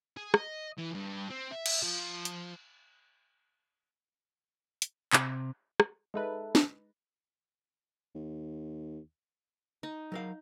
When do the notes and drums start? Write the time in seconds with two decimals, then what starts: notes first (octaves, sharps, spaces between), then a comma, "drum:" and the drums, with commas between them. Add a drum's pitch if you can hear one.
0.17 G#4
0.34 D#5, drum: rim click
0.78 E3
0.94 G2
1.30 C4
1.51 E5
1.66 drum: cymbal
1.83 F3
2.25 drum: hi-hat
4.82 drum: hi-hat
5.13 C3, drum: clap
5.80 drum: rim click
6.14 G#3 D#4 A4 B4 E5 A5
6.55 drum: snare
8.15 D#2
9.83 D#4
10.12 F#3 A#4 F5